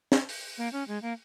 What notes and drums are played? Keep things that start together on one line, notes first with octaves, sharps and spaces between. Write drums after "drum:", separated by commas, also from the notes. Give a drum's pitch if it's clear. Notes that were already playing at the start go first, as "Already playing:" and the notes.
drum: snare
drum: open hi-hat
A#3
C#4
G#3
A#3